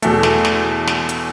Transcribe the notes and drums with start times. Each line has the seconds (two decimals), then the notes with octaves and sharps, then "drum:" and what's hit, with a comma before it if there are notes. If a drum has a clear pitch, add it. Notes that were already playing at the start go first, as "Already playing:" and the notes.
0.02 E2 B2 A3, drum: hi-hat
0.23 drum: snare
0.45 drum: snare
0.87 drum: snare
1.09 drum: hi-hat